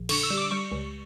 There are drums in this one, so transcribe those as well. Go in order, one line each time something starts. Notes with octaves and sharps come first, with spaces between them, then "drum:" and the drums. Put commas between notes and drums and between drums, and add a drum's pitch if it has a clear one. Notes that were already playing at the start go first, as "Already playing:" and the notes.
Already playing: A#1
D3 C#6, drum: cymbal
E6
G3
D6
G3 C#6
C#2